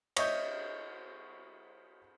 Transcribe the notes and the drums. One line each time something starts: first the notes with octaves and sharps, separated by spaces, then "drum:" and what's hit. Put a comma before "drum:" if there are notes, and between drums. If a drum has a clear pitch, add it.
C#5 D#5 E5 C#6 G6, drum: cymbal